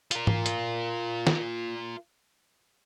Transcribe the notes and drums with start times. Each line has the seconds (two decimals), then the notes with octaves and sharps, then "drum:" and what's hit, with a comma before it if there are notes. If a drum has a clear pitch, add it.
0.11 F4 A#4, drum: hi-hat
0.27 drum: tom G#2
0.46 drum: hi-hat
1.27 drum: snare